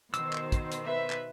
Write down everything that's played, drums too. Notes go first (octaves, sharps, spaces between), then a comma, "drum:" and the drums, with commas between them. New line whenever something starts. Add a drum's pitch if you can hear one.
B2 D#3 C5 E6, drum: hi-hat
drum: clap
drum: kick, hi-hat
drum: hi-hat
B4 E5
drum: clap